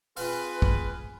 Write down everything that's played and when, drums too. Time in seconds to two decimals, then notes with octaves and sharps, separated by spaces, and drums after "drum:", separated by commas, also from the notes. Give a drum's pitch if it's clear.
0.17 C4 F4 G#4 B4 F5, drum: open hi-hat
0.62 drum: kick